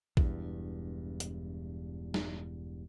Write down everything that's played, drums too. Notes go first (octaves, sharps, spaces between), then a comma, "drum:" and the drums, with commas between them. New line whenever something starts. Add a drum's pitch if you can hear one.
E1 E2 G2, drum: kick A#1
drum: hi-hat
drum: snare